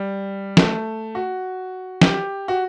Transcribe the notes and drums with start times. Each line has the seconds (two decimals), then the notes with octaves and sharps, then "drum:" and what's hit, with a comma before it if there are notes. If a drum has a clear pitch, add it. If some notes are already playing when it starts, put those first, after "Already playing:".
Already playing: G3
0.57 A3, drum: snare
1.15 F#4
2.01 G4, drum: snare
2.48 F#4